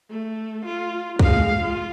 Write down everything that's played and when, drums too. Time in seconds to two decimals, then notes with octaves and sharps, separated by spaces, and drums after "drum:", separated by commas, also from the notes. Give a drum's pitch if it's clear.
0.10 A3
0.66 F4
1.19 G#3 F5, drum: kick
1.36 drum: tom G#3
1.61 F4